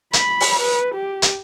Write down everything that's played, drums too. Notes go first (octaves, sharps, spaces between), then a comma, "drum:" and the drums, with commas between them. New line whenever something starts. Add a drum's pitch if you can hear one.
B5, drum: hi-hat
drum: open hi-hat
B4
G4
drum: hi-hat